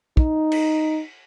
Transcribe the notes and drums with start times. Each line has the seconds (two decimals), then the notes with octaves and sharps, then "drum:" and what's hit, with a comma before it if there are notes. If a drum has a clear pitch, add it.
0.17 D#4, drum: kick
0.52 drum: cymbal